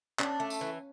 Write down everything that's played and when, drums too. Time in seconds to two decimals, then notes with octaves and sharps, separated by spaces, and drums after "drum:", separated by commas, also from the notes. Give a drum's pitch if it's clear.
0.19 C#4 D4, drum: clap
0.40 A3
0.50 drum: tambourine
0.61 E3